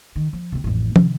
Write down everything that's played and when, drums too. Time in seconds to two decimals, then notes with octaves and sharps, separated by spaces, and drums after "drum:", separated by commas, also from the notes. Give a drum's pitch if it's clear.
0.16 D#3
0.33 F3
0.52 C3 C4
0.64 A1 F2
0.96 C3 D#3, drum: tom